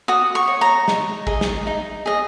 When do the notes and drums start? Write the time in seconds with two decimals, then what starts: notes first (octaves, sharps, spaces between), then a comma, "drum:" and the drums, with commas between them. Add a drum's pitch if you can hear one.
0.08 F#4 D#6
0.35 C#6
0.48 C#5
0.61 A#5
0.88 D#4, drum: snare
1.27 G#4 D#5, drum: kick
1.41 drum: snare
1.67 D#4
2.06 G#4 D#5